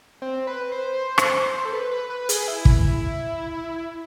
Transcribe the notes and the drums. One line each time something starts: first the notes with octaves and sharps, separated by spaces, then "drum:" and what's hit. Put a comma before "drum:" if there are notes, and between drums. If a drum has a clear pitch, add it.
C4
B4
C5
drum: rim click
A4
B4
B4
B4
G#4, drum: hi-hat
E4
drum: kick